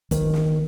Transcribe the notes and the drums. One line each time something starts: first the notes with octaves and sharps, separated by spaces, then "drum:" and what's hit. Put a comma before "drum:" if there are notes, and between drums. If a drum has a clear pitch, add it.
D#3, drum: kick, hi-hat
drum: snare